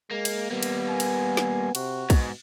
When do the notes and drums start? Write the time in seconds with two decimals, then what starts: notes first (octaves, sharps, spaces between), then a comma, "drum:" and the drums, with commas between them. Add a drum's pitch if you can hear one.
0.11 G#3 A#3
0.25 drum: cymbal
0.51 G3 A#3 B3
0.63 drum: cymbal
0.89 G#5
1.00 drum: cymbal
1.37 drum: snare
1.75 C3 F#4, drum: cymbal
2.10 G#2 B2, drum: kick, cymbal